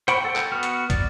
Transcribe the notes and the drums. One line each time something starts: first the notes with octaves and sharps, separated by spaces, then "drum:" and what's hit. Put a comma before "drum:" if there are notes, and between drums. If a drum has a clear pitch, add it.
C5 F#5 G5 B5 C#6, drum: hi-hat
A4 F#5 G5
drum: clap
B3 F#4 F6
drum: hi-hat
D5, drum: kick, hi-hat